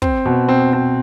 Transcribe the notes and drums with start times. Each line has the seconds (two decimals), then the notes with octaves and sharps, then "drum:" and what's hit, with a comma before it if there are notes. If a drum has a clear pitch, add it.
0.02 C4, drum: kick
0.25 B2
0.49 C4
0.73 C4